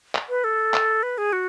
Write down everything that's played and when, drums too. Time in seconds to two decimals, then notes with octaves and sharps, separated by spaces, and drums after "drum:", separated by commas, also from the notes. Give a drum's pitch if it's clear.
0.15 drum: clap
0.29 B4
0.44 A4
0.74 drum: clap
1.03 B4
1.18 G#4
1.33 F#4